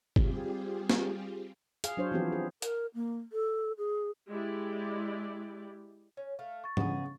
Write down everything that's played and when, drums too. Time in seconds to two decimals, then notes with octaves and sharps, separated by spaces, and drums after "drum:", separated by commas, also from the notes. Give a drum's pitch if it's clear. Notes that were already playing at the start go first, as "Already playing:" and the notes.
0.16 G3 C4 F4 G4 G#4, drum: kick
0.90 drum: snare
1.84 G#4 F5, drum: hi-hat
1.97 F#3 D4 C5 C#5
2.12 E3 F3 B3 C4 G4
2.32 G#4
2.62 A#4, drum: hi-hat
2.94 A#3
3.33 A4
3.78 G#4
4.28 G#3 E4 G4 D5
6.17 C#4
6.39 A3 F5
6.64 C#6 A6
6.77 C#3 B3 D#4 G#4, drum: tom